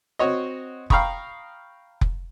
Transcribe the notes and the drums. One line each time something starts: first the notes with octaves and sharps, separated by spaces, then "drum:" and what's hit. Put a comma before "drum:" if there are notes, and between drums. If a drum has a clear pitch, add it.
C4 F#4 C#5 D#5
F5 G5 A#5 B5 C#6 D#6, drum: kick F1
drum: kick F1